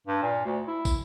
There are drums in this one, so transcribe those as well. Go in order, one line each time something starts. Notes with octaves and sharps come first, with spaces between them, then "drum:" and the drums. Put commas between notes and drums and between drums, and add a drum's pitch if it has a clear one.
G2
A#2
D2
E4
drum: kick, tambourine